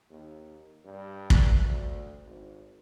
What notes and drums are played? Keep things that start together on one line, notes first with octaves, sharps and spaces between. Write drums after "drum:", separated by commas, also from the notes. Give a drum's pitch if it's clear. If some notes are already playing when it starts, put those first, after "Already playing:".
D#2
G2
drum: kick
D2
G#1